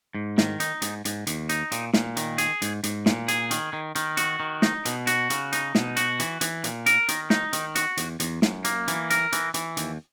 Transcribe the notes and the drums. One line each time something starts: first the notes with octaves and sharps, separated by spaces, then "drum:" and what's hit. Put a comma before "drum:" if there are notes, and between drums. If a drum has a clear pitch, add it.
G#2
D#3, drum: snare
D#4, drum: hi-hat
G#2, drum: hi-hat
G#2, drum: hi-hat
D#2, drum: hi-hat
D#4, drum: hi-hat
A#2, drum: hi-hat
A#2, drum: snare
D#3, drum: hi-hat
G#4, drum: hi-hat
G#2, drum: hi-hat
G#2, drum: hi-hat
A#2, drum: snare
G#4, drum: hi-hat
D#3, drum: hi-hat
D#3
D#3, drum: hi-hat
F#4, drum: hi-hat
D#3
D#4, drum: snare
B2, drum: hi-hat
F#4, drum: hi-hat
C#3, drum: hi-hat
D#4, drum: hi-hat
B2, drum: snare
F#4, drum: hi-hat
E3, drum: hi-hat
E3, drum: hi-hat
A#2, drum: hi-hat
A#4, drum: hi-hat
D#3, drum: hi-hat
D#4, drum: snare
D#3, drum: hi-hat
F#4, drum: hi-hat
E2, drum: hi-hat
E2, drum: hi-hat
F#2, drum: snare
A#3, drum: hi-hat
E3, drum: hi-hat
A#4, drum: hi-hat
E3, drum: hi-hat
E3, drum: hi-hat
D#2, drum: hi-hat